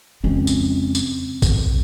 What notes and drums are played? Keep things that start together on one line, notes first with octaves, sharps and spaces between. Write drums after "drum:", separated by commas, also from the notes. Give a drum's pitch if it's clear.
F2 C#3 G#3 C4 C#4
drum: tambourine
drum: tambourine
drum: kick A#1, tambourine